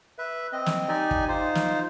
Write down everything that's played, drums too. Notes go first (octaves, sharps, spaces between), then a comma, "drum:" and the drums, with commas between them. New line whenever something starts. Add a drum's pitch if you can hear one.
B4 E5
C4 D#5
drum: snare
D#4 G4 D5 G#5
drum: kick
D#4 F4 C5
drum: snare